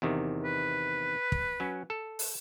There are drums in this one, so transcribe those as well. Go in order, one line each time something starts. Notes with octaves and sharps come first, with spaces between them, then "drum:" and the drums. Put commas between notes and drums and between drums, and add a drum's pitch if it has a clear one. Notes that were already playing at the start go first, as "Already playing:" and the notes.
E2 C3 D#3
B4
drum: kick
F#3 C#4
A4
drum: open hi-hat